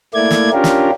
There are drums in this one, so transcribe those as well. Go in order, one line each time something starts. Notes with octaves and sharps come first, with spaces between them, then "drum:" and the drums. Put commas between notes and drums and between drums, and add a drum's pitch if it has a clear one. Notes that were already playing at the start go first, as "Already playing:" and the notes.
A3 A#3 E4 D5 G#6
drum: snare
C#4 D4 F4 G4 A#4
drum: snare